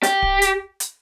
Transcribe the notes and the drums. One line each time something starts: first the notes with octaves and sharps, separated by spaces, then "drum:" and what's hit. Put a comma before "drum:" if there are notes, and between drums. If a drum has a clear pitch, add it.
G4, drum: hi-hat
drum: kick D1
drum: hi-hat
drum: hi-hat